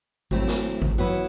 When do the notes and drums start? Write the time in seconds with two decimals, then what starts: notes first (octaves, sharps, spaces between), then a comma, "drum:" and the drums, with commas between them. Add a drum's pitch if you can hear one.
0.31 F#3 A3 C4 E4, drum: kick G#1
0.48 drum: snare
0.82 drum: kick G#1
0.98 F#3 B3 E4